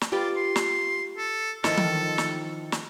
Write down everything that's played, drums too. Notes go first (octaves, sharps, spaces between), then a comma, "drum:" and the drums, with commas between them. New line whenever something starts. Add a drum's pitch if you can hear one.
drum: snare
F4 G4 B4 D5
C6
drum: snare
A4
D#3 F3 E4 A4, drum: snare
drum: tom E3
drum: snare
drum: snare